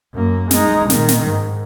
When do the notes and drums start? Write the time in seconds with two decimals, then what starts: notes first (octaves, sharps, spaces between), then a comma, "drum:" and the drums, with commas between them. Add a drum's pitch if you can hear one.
0.14 F#2 A#3
0.51 G#3 D#4, drum: snare
0.90 A#2 D#3, drum: snare
1.08 drum: snare
1.26 G#2